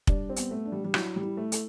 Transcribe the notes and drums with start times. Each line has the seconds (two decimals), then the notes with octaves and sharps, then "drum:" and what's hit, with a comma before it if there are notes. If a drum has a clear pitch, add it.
0.07 G3 D4, drum: kick
0.29 C4
0.36 B3, drum: hi-hat
0.51 A3
0.65 D4
0.72 G3
0.84 G3
0.94 F#3 E4, drum: rim click
1.16 G3
1.23 E4
1.37 A3
1.52 A4, drum: hi-hat